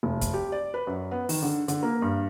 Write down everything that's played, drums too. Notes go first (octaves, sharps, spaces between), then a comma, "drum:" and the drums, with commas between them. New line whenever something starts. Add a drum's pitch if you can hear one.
F1
drum: kick, hi-hat
G4
D5
B4
F#2
B3
D#3, drum: open hi-hat
D3
D3, drum: hi-hat
A#3
G2